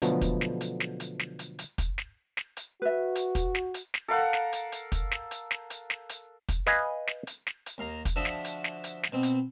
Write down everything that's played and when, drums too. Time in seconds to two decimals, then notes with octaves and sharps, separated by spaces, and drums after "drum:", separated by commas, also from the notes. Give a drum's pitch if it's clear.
0.02 B2 D3 F3 F#3 A3 B3, drum: hi-hat
0.21 drum: kick, hi-hat
0.41 drum: snare
0.61 drum: hi-hat
0.80 drum: snare
1.00 drum: hi-hat
1.19 drum: snare
1.39 drum: hi-hat
1.59 drum: hi-hat
1.78 drum: kick, hi-hat
1.98 drum: snare
2.37 drum: snare
2.57 drum: hi-hat
2.82 F#4 B4 E5
3.15 drum: hi-hat
3.35 drum: kick, hi-hat
3.55 drum: snare
3.74 drum: hi-hat
3.94 drum: snare
4.08 A4 A#4 F5 F#5
4.33 drum: snare
4.53 drum: hi-hat
4.72 drum: hi-hat
4.92 drum: kick, hi-hat
5.11 drum: snare
5.31 drum: hi-hat
5.51 drum: snare
5.70 drum: hi-hat
5.90 drum: snare
6.09 drum: hi-hat
6.49 drum: kick, hi-hat
6.66 B4 D#5 F5 G#5, drum: snare
7.07 drum: snare
7.27 drum: hi-hat
7.47 drum: snare
7.66 drum: hi-hat
7.78 D#2 F5 A#5
8.05 drum: kick, hi-hat
8.16 D3 F3 F#4 E5 A5 D#6
8.25 drum: snare
8.45 drum: hi-hat
8.64 drum: snare
8.84 drum: hi-hat
9.03 drum: snare
9.12 B2 C4
9.23 drum: hi-hat